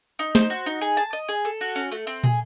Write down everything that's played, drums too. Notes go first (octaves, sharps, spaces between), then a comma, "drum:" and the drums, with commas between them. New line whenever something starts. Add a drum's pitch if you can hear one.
D#4
C5, drum: snare
F#4
D#4
G#4
A5
D#5, drum: hi-hat
G#4
A4
F#4, drum: cymbal
C#4
A3
C4, drum: open hi-hat
G#4, drum: tom